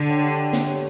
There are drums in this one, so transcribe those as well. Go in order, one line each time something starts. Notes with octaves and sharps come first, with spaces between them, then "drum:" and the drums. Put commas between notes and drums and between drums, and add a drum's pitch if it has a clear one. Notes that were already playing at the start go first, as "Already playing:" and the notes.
Already playing: D3
F#4 C#5 G5
G4
D5 G5
D4, drum: snare
G4 C#5